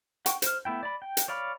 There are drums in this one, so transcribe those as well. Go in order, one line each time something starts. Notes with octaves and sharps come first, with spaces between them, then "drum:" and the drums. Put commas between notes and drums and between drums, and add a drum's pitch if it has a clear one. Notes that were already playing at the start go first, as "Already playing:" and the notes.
F#5 G5 C#6, drum: hi-hat
C5 F6, drum: hi-hat
A3 B3 E4 G5
D5 B5
G5
drum: hi-hat
C#5 D5 F5 B5